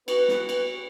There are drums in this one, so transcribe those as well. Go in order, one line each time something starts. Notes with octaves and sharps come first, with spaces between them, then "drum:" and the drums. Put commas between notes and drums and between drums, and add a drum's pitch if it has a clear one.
B3 F#4 B4, drum: cymbal
drum: snare
drum: cymbal